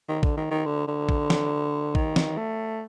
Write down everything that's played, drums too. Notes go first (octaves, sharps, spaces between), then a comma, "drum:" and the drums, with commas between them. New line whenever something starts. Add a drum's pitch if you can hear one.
D#3
D3, drum: kick
D#3
D#3
D3
D3
drum: kick
drum: snare
D#3, drum: kick
drum: snare
A3